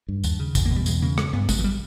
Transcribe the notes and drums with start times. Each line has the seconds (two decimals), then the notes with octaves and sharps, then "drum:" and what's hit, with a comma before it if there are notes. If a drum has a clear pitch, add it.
0.08 G2
0.24 D#2, drum: tambourine
0.39 C#3
0.55 E2, drum: kick A1, tambourine
0.65 A#3
0.71 B2
0.76 G3
0.86 E2 G#3, drum: tambourine
1.02 C#3 A#3
1.18 G2 G#3, drum: rim click
1.33 G2 B3
1.49 G2 G#3, drum: kick A1, tambourine
1.59 E3
1.64 G3